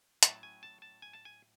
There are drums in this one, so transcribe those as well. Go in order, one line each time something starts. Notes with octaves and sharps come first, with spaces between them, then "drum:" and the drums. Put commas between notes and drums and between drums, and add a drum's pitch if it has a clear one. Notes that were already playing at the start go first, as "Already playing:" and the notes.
A2 F#3 C#4 A5, drum: hi-hat
G#5
A5
A5
G#5
A5
G#5